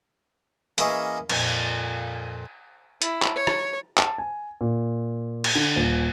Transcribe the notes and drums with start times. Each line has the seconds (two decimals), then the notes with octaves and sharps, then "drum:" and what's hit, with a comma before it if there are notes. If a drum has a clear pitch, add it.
0.78 E3 A#3 C#4 E4 G#4 D#5, drum: hi-hat
1.30 F2 A#2, drum: cymbal
3.02 E4, drum: hi-hat
3.22 drum: clap
3.36 C#5
3.47 drum: rim click
3.98 A5, drum: clap
4.18 G#5
4.61 A#2
5.44 drum: cymbal
5.55 D3
5.76 D#1